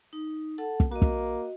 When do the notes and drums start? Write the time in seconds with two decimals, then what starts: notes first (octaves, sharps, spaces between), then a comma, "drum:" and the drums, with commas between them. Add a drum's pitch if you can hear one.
0.13 D#4
0.58 A4 F#5 A5
0.80 drum: kick
0.92 A#3 F#4 D#5
1.02 drum: kick